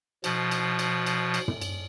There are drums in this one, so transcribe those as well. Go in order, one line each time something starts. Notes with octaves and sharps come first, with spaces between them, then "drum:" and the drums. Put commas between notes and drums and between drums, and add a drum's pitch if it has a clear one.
B2 F3, drum: cymbal
drum: cymbal
drum: cymbal
drum: cymbal
drum: cymbal
drum: tom
drum: cymbal